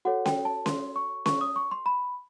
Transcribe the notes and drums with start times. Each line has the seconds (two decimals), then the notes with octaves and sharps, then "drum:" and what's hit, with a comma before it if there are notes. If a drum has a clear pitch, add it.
0.05 F#4 A4 C#5 F#5
0.26 G5, drum: snare C#4
0.45 A5
0.66 C6, drum: snare C#4
0.96 C#6
1.26 C#6, drum: snare C#4
1.41 D#6
1.56 C#6
1.71 C6
1.86 B5